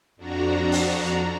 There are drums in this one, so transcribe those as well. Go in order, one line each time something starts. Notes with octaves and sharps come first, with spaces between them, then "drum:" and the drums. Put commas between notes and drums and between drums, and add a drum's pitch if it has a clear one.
F2 D4 F#4 A#5
drum: open hi-hat